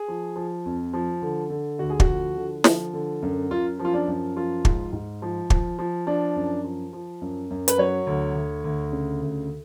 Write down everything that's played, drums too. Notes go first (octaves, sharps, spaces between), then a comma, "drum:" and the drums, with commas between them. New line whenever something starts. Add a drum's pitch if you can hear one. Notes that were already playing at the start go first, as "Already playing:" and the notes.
Already playing: G#4
F3
F3
F2
F3
D3
D3
D2 F#4
G#4
F#4, drum: kick
F3
D3
F3, drum: snare
D3
F#2
F#2 F4
F3
F4
D4
F#2
F3 F4
G#2, drum: kick
G#2
F3
F3, drum: kick
F3
F3 D4
F#2
F3
F3
F#2
F#2
B4, drum: hi-hat
F#3 C#5
D2
D2
D2
C#3
D2